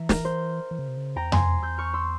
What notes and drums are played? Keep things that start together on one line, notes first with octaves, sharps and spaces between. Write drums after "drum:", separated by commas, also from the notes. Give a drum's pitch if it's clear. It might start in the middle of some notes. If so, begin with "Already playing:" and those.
Already playing: E3 E5 A#5
A#4, drum: snare
C5
E3
C#3
C3
C#3
E2 G5 A#5
G#5 C6, drum: tom F2
E6 G6
C#6 F6
C6 E6